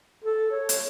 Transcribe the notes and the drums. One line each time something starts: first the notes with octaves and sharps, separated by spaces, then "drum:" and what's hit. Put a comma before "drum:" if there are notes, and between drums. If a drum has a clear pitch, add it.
A4
C#5
drum: hi-hat